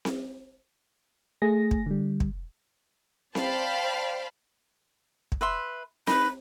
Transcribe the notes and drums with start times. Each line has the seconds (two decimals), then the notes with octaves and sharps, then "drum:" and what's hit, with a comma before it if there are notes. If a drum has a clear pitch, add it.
0.05 drum: snare C4
1.42 A3 G#4 A#6
1.71 drum: kick
1.86 D3 G3
2.20 drum: kick
3.35 C5 D5 F5 G5 A5 B5, drum: snare C4
5.32 drum: kick
5.41 B4 E5 C6
6.07 D#4 B4 B5, drum: snare C4